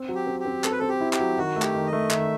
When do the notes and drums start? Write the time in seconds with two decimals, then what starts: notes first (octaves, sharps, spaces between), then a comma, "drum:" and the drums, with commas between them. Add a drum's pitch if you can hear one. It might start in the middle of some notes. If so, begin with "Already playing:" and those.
Already playing: C4
0.09 F#3
0.15 G4
0.27 C4
0.40 G4
0.45 C4
0.64 C4 A4, drum: clap
0.71 B4
0.79 C4 A4
0.89 G4
1.01 E4
1.13 G4, drum: clap
1.19 F#3
1.37 D#3 F#4
1.56 A3
1.62 G4, drum: clap
1.75 D#3
1.86 D#5
1.93 A3
2.11 D#3 E5, drum: clap